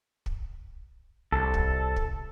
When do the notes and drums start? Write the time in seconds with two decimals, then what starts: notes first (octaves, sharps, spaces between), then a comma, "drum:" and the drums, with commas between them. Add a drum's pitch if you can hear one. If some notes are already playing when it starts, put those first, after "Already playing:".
0.26 drum: kick
1.32 C2 A4
1.54 drum: kick
1.96 drum: kick